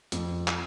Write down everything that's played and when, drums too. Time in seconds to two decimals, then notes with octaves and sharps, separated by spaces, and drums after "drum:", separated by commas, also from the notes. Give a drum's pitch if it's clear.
0.12 F2, drum: hi-hat
0.48 drum: clap